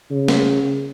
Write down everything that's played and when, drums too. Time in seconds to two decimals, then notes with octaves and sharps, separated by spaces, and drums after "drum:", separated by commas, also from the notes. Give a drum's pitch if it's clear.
0.11 C#3
0.28 drum: snare